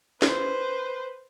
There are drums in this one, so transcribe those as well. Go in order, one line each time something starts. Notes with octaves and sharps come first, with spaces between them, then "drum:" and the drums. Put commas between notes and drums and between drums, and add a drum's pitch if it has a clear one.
B4 C5, drum: snare